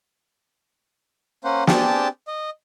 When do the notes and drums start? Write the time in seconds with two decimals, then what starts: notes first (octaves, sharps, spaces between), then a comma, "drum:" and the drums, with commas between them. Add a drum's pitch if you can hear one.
1.44 A#3 C#4 C5 F#5
1.67 C4 D4 G4 G#4 G5 A5, drum: snare
2.28 D#5